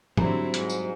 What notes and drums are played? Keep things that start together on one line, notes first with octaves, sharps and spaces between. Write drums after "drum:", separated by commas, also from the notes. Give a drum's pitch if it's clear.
D3 F#3 G3 C4 E4, drum: tom G#2
G#2, drum: hi-hat
drum: tambourine